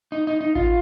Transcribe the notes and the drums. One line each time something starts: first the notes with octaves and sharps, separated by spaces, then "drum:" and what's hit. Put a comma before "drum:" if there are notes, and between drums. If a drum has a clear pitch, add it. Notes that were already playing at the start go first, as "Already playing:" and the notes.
D#4
D#4
D#4
F4, drum: kick A1